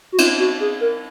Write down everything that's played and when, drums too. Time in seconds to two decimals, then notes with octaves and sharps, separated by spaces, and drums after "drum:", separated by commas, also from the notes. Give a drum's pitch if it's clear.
0.12 F#4
0.18 F4, drum: cymbal
0.39 F#4
0.60 G#4
0.81 A#4